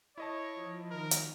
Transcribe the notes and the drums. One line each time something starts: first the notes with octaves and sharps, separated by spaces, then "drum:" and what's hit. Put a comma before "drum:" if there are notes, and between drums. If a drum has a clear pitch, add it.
E4 C#5 D#5 A5
F3
D#3 A#4
drum: hi-hat